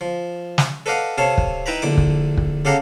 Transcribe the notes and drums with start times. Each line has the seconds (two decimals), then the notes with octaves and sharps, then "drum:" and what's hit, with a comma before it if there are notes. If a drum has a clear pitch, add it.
0.01 F3
0.58 drum: snare
0.86 A4 B4 D5 D#5 F5 F#5
1.18 C3 A4 C#5 F5 A5
1.38 drum: kick
1.66 D#4 E4 B4 G5 A#5 B5
1.82 A#1 D3 E4 D6
1.98 drum: kick
2.37 drum: kick
2.65 C#3 G4 A4 F5 F#5 A#5